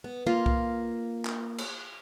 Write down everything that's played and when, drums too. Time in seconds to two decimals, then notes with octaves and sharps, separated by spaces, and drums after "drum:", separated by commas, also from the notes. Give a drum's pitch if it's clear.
0.04 B3
0.27 A#3 F4
0.46 drum: kick
1.25 drum: clap
1.58 drum: cymbal